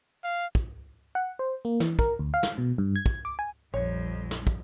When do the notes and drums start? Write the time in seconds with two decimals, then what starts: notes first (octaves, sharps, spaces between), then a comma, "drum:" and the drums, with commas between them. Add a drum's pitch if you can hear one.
0.24 F5
0.55 drum: kick
1.15 F#5
1.39 C5
1.65 A#3
1.80 E3, drum: snare
1.99 A#4, drum: kick
2.19 D2
2.34 F5
2.43 drum: snare
2.58 B2
2.78 G2
2.96 G#6
3.06 drum: kick
3.25 D6
3.39 G#5
3.74 A#1 F2 G3 C#5
4.31 drum: snare
4.47 drum: kick